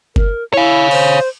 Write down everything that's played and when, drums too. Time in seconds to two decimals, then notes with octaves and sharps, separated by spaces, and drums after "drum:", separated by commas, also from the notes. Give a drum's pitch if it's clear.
0.16 A#4, drum: kick F#1
0.53 E4 C#5 F5
0.91 C5, drum: cymbal